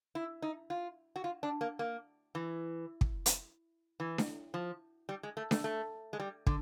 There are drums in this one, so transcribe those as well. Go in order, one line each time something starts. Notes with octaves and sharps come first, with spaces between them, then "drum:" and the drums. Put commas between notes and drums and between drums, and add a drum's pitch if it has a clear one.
E4
D#4
F4
F#4
F4
D4
A#3
A#3
E3
drum: kick
drum: hi-hat
E3
drum: snare D4
F3
G3
G#3
A3
A3, drum: snare D4
A3
G#3
G3
D3, drum: kick